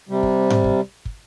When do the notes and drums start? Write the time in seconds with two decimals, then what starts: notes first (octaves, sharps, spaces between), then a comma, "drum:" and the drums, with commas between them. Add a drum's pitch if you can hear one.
0.09 C3 G3
0.23 drum: kick
0.50 drum: tom G#2
0.64 drum: kick
1.05 drum: kick